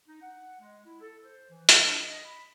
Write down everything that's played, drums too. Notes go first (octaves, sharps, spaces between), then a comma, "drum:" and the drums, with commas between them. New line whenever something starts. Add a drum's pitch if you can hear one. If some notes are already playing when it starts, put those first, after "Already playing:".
D#4
F#5
G#3
E4
A4
C5
E3
drum: hi-hat
D4
D#5
B5